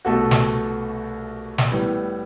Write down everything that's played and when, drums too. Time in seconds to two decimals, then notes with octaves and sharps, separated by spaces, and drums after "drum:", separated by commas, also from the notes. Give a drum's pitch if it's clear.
0.05 C2 B2 A3 F#4 A4
0.31 drum: snare
1.58 drum: snare
1.72 A2 E3 G3 B3